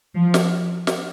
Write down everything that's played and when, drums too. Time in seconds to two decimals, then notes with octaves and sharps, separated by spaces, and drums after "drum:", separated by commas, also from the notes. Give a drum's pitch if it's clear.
0.16 F3
0.34 drum: snare
0.87 drum: snare